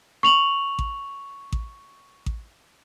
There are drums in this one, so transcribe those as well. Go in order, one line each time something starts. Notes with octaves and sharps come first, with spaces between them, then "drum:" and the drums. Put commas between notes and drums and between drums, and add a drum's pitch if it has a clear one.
C#6 F7 F#7
drum: kick A1
drum: kick A1
drum: kick A1